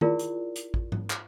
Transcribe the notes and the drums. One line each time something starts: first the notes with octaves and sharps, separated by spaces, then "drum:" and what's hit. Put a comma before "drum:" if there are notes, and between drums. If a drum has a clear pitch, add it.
E4 F4 G#4 A#4 D5, drum: tom D#3
drum: hi-hat
drum: hi-hat
drum: kick A1
drum: tom G#2
drum: clap